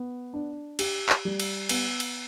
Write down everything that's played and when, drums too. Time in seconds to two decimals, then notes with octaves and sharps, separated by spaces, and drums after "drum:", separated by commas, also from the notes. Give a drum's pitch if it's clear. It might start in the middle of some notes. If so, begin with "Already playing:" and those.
Already playing: B3
0.34 D4
0.79 G4, drum: cymbal
1.09 drum: clap
1.25 G3
1.40 drum: cymbal
1.69 B3, drum: cymbal
2.00 drum: cymbal